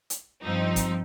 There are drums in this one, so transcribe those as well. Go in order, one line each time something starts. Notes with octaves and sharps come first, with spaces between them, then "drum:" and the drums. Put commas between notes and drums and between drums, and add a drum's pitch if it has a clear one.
drum: hi-hat
G2 F3 C4 D#4
drum: kick, hi-hat